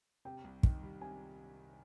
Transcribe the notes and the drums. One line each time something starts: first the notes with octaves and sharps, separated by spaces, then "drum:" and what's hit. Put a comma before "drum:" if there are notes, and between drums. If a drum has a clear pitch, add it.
C3 G5
C2
D#3, drum: kick
G3
C3 G#5